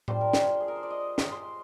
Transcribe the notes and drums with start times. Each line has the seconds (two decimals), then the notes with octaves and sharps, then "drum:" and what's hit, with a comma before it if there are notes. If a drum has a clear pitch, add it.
0.08 G3 D4 F4 C5, drum: tom A2
0.21 A#4
0.33 C5, drum: snare
0.60 G#4
0.68 A#4
0.76 C5
0.83 D5
0.91 D#5
1.18 drum: snare
1.32 C6